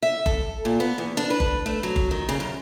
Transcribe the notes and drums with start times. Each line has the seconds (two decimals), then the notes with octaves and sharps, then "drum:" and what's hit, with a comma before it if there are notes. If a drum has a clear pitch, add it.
0.03 E5
0.26 A4, drum: kick F#1
0.65 A#2
0.80 B3
0.98 E2
1.17 D4
1.30 B4
1.40 drum: kick F#1
1.66 A3
1.83 F#3
1.96 drum: kick F#1
2.11 D#3
2.29 C#3
2.40 F#2